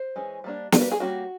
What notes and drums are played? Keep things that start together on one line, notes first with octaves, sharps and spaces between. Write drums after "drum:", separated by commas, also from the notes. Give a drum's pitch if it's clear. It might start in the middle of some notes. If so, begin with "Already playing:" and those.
Already playing: C5
E3 G#3 C#4
G3 A#3 D4
G3 A#3 D4 A#4, drum: snare
B4
G#4
G3 A#3 C#4 F#4